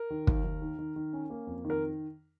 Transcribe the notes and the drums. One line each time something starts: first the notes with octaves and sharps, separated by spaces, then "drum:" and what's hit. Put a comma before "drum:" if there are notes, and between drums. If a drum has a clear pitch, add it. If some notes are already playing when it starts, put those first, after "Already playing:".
Already playing: A#4
D#3
D#2, drum: kick
D#2
D#3
D#3
D#3
C#4
A#3
F2
D#3
A#4